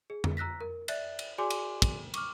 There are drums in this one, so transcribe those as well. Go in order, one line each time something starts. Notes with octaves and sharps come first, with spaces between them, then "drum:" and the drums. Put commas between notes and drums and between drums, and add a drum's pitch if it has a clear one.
G#4
drum: tom F2
A#5 E6 F#6 A#6 B6
A#4
D5 E5 F#6 A6, drum: cymbal
drum: cymbal
F#4 G#4 D5 G#5 C6 D6
drum: cymbal
drum: kick, cymbal
C#6 D6 F6, drum: cymbal